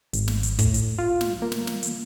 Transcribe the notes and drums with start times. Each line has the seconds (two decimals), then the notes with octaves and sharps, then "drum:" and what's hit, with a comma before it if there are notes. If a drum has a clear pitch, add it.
0.13 G#1, drum: hi-hat
0.28 drum: snare
0.43 drum: hi-hat
0.59 A2, drum: kick, hi-hat
0.74 drum: hi-hat
0.98 F4
1.21 drum: snare
1.42 A#3
1.52 drum: snare
1.67 drum: snare
1.83 drum: hi-hat